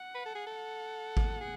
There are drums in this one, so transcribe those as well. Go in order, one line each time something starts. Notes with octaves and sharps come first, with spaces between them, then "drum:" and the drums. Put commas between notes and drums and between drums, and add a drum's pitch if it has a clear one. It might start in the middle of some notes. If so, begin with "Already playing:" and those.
Already playing: F#5
B4
A4
G#4
A4
F#5
drum: kick G#1
G#4